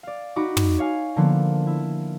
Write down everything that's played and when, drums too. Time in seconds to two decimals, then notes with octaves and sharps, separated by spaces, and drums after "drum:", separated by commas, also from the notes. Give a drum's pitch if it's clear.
0.03 D5 F5
0.36 D#4 F#4 B5 D6
0.57 drum: tom
0.79 C#5 F5 G#5
1.16 D3 F3 A#3 B3
1.67 E4